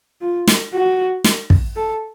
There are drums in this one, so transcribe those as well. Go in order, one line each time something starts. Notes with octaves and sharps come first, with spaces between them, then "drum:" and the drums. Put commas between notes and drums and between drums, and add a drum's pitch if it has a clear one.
F4
drum: snare
F#4
drum: snare
drum: kick
A4